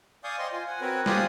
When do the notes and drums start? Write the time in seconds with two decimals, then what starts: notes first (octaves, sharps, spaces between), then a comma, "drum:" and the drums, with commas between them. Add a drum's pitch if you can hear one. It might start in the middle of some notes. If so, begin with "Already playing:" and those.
0.24 D5 F5 G#5 C#6 D#6 G6
0.39 C5 D#5 G5 C6
0.52 F4 G#5
0.68 F#5 G#5
0.81 C4 F#4 A#4 B4 C#5
1.06 F4 G4 C5 D5 G#5 D#6, drum: snare